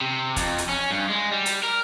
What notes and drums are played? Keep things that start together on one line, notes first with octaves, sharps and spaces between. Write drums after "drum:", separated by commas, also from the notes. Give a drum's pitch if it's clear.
C3
F2, drum: kick, hi-hat
drum: hi-hat
C#4
G2
G#3
G3
drum: hi-hat
A#4